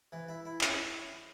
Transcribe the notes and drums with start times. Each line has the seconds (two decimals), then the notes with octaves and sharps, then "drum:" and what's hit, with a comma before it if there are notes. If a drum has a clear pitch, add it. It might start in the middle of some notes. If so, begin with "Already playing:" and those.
0.12 E3
0.28 E4
0.45 E4
0.61 C#4, drum: clap